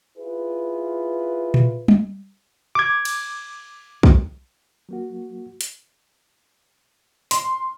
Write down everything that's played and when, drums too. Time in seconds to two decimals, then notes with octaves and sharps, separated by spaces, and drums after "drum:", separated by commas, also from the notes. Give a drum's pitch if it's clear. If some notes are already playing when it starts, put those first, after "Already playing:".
0.18 E4 F4 G#4 B4
1.54 drum: tom A#2
1.88 drum: tom G3
2.75 D6 G#6
3.05 drum: cymbal
4.03 drum: kick
4.89 F#3 A#3 F#4
5.61 drum: hi-hat
7.31 C6, drum: hi-hat